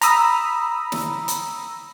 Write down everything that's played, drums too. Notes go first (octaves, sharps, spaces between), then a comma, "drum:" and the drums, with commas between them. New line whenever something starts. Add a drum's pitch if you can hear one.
A#5 B5 D#6 E6, drum: hi-hat
drum: snare
drum: hi-hat